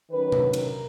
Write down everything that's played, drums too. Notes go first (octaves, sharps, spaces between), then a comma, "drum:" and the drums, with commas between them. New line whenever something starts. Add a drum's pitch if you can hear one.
D#3 F#3 C#4 B4
drum: tom C3
A#4, drum: cymbal